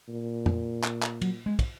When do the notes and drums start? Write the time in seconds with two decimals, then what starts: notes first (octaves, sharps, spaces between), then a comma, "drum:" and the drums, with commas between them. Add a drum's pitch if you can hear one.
0.08 A#2
0.46 drum: tom F2
0.84 drum: clap
1.02 drum: clap
1.21 F#3, drum: cymbal
1.46 G#3
1.59 drum: kick, cymbal